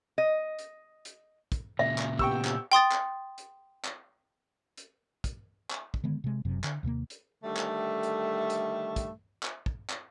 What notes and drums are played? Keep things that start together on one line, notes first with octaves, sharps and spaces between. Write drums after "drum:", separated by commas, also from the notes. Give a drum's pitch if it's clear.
D#5
drum: hi-hat
drum: hi-hat
drum: kick, hi-hat
A#2 C#3 E5
drum: clap
B3 G4 G5 C#6 E6, drum: kick
drum: clap
G5 C6 D#6 A6
drum: clap
drum: hi-hat
drum: clap
drum: hi-hat
drum: kick, hi-hat
drum: clap
drum: kick
D3 D#3 G#3 B3
C3 G#3
F#1 F#2 C3
D3, drum: clap
D#2 C3 E3 A#3
drum: hi-hat
D3 D#3 G3 A3
drum: clap
drum: hi-hat
drum: hi-hat
drum: kick, hi-hat
drum: clap
drum: kick
drum: clap